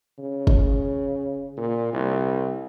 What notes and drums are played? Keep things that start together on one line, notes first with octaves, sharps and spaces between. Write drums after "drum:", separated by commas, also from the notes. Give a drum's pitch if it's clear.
C#3
drum: kick
A#2
C2